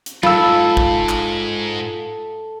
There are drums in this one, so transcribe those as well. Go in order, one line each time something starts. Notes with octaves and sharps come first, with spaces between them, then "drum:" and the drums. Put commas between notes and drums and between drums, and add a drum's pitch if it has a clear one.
drum: hi-hat
G#2 F4 A4 F5 B5 E6, drum: tom F#3
drum: kick
drum: clap